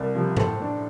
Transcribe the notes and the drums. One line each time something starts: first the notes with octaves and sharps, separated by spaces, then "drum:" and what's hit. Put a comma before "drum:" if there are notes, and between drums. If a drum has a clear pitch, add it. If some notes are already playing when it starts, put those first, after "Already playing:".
Already playing: C2 A#4 D5
C3 F3
A2 A4 C5, drum: tom G2
A3 D4